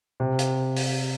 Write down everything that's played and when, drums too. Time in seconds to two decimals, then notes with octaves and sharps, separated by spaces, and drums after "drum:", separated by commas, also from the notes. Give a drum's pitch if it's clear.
0.20 C3
0.39 drum: hi-hat
0.76 drum: open hi-hat